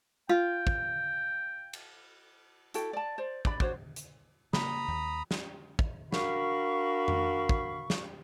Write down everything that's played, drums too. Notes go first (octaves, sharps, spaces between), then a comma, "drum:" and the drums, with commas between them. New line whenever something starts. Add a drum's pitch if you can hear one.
F4 G5
drum: kick
drum: cymbal
E4 F#4 A4 G5, drum: hi-hat
D5 A5
C5 D5
D4 D5 B5, drum: kick
D4 F#4 C5 C#5, drum: kick
drum: hi-hat
C#3 A#3 A#5 B5 D#6, drum: snare
D#2
drum: snare
drum: kick
D4 F#4 A#4 F5 B5 C#6, drum: snare
drum: tom F2
drum: kick
drum: snare